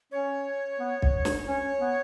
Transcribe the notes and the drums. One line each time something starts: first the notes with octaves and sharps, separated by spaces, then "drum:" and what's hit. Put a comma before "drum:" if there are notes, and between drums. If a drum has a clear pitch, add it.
C#4 C#5
B3
drum: kick
drum: snare
C#4 C#5
B3